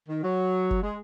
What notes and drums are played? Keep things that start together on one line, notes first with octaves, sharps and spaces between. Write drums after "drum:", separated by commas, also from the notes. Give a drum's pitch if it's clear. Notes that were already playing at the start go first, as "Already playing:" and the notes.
D#3
F#3
drum: kick F#1
G#3